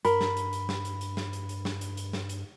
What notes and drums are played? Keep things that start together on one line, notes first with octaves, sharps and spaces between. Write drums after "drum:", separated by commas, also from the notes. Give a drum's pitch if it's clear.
G2 A#4 B5, drum: hi-hat
drum: snare
drum: hi-hat
drum: hi-hat
drum: snare
drum: hi-hat
drum: hi-hat
drum: snare
drum: hi-hat
drum: hi-hat
drum: snare
drum: hi-hat
drum: hi-hat
drum: snare
drum: hi-hat